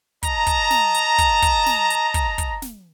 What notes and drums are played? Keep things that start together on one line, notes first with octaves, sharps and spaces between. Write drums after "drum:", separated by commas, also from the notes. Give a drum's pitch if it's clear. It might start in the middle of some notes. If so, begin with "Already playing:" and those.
D#5 A5 A#5, drum: kick, hi-hat
drum: kick, hi-hat
drum: snare
drum: hi-hat
drum: kick, hi-hat
drum: kick, hi-hat
drum: snare
drum: hi-hat
drum: kick, hi-hat
drum: kick, hi-hat
drum: snare